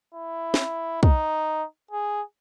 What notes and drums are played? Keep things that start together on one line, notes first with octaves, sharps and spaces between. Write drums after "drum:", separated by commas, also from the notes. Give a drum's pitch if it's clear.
E4
drum: snare
D#4, drum: kick
G#4